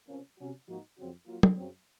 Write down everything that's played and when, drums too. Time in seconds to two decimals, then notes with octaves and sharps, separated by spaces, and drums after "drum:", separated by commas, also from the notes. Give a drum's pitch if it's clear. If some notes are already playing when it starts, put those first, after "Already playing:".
0.08 C3 F3 A#3 C#4
0.38 C3 F#3 C#4 F#4
0.67 G#2 F3 A#3 D#4 F#4
0.97 F2 C#3 F#3 C4 F#4
1.27 F#3 A#3 F4
1.43 drum: tom
1.56 F#2 C#3 F#3 C4